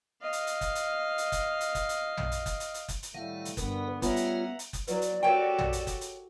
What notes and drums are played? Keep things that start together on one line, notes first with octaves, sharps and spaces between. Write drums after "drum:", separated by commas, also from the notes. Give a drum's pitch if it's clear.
D#5 F5
drum: hi-hat
drum: hi-hat
drum: kick F#1, hi-hat
drum: hi-hat
drum: hi-hat
drum: kick F#1, hi-hat
drum: hi-hat
drum: kick F#1, hi-hat
drum: hi-hat
drum: tom
drum: hi-hat
drum: kick F#1, hi-hat
drum: hi-hat
drum: hi-hat
drum: kick F#1, hi-hat
drum: hi-hat
A2 D#3 G3 A3 F5 F#5
drum: hi-hat
G2 D3 B3 A#4 B4, drum: kick F#1, hi-hat
G3 A3 B3 C#4 F4 E5 F#5 A#5, drum: kick F#1, hi-hat
drum: hi-hat
drum: hi-hat
drum: kick F#1, hi-hat
F#3 E4 B4 D5, drum: hi-hat
drum: hi-hat
F#4 G4 A4 A#4 C#5 G5 C#6
drum: tom
drum: hi-hat
drum: kick F#1, hi-hat
drum: hi-hat